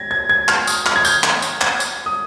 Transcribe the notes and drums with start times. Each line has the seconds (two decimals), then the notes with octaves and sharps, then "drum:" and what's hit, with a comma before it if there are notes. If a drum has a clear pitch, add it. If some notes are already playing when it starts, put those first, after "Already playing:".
Already playing: G#6 A#6
0.11 G#6
0.29 G#6
0.48 F6, drum: clap
0.67 D#6, drum: tambourine
0.86 F6, drum: clap
0.96 G#6
1.05 G6, drum: tambourine
1.24 drum: clap
1.42 drum: tambourine
1.61 G#6, drum: clap
1.80 drum: tambourine
2.06 D#6